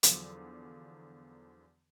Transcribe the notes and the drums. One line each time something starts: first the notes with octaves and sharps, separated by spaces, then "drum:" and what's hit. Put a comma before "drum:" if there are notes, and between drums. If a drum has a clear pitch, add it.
E2 D3 F3 F#3, drum: hi-hat